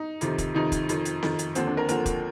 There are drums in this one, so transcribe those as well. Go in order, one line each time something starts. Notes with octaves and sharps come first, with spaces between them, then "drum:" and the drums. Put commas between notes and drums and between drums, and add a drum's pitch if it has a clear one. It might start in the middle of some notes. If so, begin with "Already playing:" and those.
Already playing: D#4
F2 C3 D#3, drum: hi-hat
drum: kick, hi-hat
F2 C3 D#3 D#4
drum: kick, hi-hat
F2 D#3, drum: hi-hat
drum: hi-hat
F2 D#3, drum: snare C4
drum: hi-hat
D#2 D3 F3 C4, drum: hi-hat
D4
A#4
D#2 D3 F3 A#4, drum: hi-hat
drum: kick, hi-hat